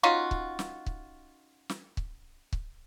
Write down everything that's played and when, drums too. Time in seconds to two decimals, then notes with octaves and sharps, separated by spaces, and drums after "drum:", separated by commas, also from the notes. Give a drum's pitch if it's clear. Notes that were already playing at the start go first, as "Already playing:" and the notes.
0.03 C#4 D#4 F4 F#4
0.31 drum: kick C#1
0.59 drum: snare
0.86 drum: kick C#1
1.69 drum: snare
1.97 drum: kick C#1
2.53 drum: kick C#1